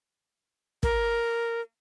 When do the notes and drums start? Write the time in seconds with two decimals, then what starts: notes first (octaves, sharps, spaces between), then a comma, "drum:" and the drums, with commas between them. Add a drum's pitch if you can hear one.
0.83 A#4, drum: kick